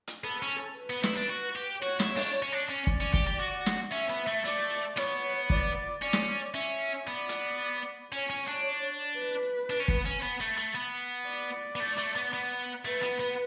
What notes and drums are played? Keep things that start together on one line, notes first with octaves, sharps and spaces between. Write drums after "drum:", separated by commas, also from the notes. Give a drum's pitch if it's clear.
drum: hi-hat
B3 A4
C#4
B4
B3
E4, drum: snare
D4
F#4
G4
F#4 C#5
E4, drum: snare
D4, drum: open hi-hat
C#4
D4
C#4
D5, drum: kick
C#4
G4, drum: kick
G4
F#4
drum: snare
C#4 E5
B3
A3
A3 D5
B3 C#5, drum: rim click
D5, drum: kick
C#4 D5
drum: snare
C#4 E5
B3 D5
drum: hi-hat
C#4 C#5
C#4
D4
B4
D4
C#4
B3, drum: kick
C#4
B3
A3
A3
B3
D5
B3
A3
A3
B3
B3
A3 B4
B3, drum: hi-hat
B3